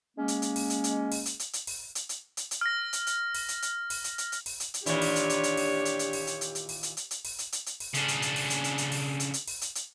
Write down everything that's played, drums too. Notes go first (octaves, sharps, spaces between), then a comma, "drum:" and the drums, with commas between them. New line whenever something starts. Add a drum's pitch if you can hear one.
G#3 A#3 C#4
drum: hi-hat
drum: hi-hat
drum: open hi-hat
drum: hi-hat
drum: hi-hat
drum: open hi-hat
drum: hi-hat
drum: hi-hat
drum: hi-hat
drum: open hi-hat
drum: hi-hat
drum: hi-hat
drum: hi-hat
drum: hi-hat
F6 A#6
drum: hi-hat
drum: hi-hat
drum: open hi-hat
drum: hi-hat
drum: hi-hat
drum: open hi-hat
drum: hi-hat
drum: hi-hat
drum: hi-hat
drum: open hi-hat
drum: hi-hat
drum: hi-hat
D#2 A#2 E3 D4 G4 C#5, drum: hi-hat
drum: open hi-hat
drum: hi-hat
drum: hi-hat
drum: hi-hat
drum: open hi-hat
drum: hi-hat
drum: hi-hat
drum: open hi-hat
drum: hi-hat
drum: hi-hat
drum: hi-hat
drum: open hi-hat
drum: hi-hat
drum: hi-hat
drum: hi-hat
drum: open hi-hat
drum: hi-hat
drum: hi-hat
drum: hi-hat
drum: open hi-hat
C#3 D4, drum: hi-hat
drum: hi-hat
drum: hi-hat
drum: open hi-hat
drum: hi-hat
drum: hi-hat
drum: hi-hat
drum: open hi-hat
drum: hi-hat
drum: hi-hat
drum: open hi-hat
drum: hi-hat
drum: hi-hat